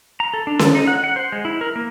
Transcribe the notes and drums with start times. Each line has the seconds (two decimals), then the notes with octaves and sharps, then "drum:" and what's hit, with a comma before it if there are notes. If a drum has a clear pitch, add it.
0.20 A#5
0.34 A4
0.47 D4
0.59 A4, drum: snare C#4
0.75 D#4
0.87 F#5
1.04 F#5
1.16 C5
1.32 G#3
1.45 E4
1.61 A#4
1.76 A#3